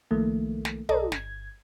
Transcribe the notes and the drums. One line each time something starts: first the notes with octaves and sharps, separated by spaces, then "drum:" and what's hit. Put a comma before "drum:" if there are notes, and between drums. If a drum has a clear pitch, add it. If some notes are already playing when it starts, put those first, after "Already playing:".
B1 D#3 F3 A3 A#3
drum: snare
B1 A4 D5 D#5 A#5, drum: tom
G1 G#6, drum: snare